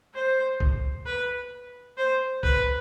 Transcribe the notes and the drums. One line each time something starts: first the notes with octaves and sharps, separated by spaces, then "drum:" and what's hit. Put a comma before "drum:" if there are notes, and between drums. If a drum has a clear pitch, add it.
C5
drum: kick
B4
C5
B4, drum: kick